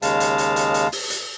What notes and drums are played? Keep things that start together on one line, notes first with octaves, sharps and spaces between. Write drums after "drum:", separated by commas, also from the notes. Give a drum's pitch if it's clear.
D#2 C#3 G#3 F5 A5, drum: hi-hat
drum: hi-hat
drum: hi-hat
drum: hi-hat
drum: hi-hat
drum: open hi-hat
drum: hi-hat